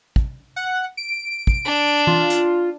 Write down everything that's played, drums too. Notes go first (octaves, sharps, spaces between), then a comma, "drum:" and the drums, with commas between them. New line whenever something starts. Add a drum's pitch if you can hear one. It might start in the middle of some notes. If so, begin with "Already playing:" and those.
drum: kick
F#5
D7
drum: kick
D4
F4, drum: tom E3
drum: hi-hat